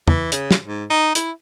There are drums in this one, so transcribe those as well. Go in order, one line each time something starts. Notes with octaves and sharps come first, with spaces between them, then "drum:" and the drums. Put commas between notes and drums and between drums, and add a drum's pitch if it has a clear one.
E3, drum: tom
C#3, drum: hi-hat
drum: snare
G#2
D#4
E4, drum: hi-hat